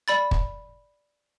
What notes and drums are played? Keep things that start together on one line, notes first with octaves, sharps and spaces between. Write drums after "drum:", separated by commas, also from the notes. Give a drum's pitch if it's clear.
D5 B5 A6
drum: kick